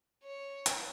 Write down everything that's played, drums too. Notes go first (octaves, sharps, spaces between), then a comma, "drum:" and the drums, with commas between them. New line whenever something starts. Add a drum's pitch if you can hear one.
C#5
drum: hi-hat